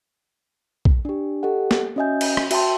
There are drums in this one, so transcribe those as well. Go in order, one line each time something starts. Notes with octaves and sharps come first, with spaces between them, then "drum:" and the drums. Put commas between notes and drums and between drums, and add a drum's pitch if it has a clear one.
drum: kick
D4 G4
G4 A4 D#5 F#5
drum: snare
C#4 F#4 D#5 E5 G#5 G6
drum: cymbal
drum: rim click
F#4 E5 G5 A5 C6, drum: cymbal